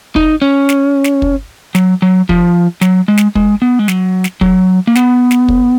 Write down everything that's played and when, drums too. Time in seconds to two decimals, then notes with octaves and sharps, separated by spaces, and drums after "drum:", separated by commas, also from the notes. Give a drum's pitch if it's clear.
0.16 D#4, drum: kick
0.42 C#4
0.69 drum: snare
1.04 drum: snare
1.22 drum: kick
1.75 F#3, drum: snare
2.02 F#3
2.29 F3, drum: kick
2.81 F#3, drum: snare
3.08 G#3
3.17 drum: snare
3.35 G#3, drum: kick
3.62 B3
3.79 G#3
3.88 F#3, drum: snare
4.24 drum: snare
4.41 F#3, drum: kick
4.87 A#3
4.95 B3, drum: snare
5.31 drum: snare
5.48 drum: kick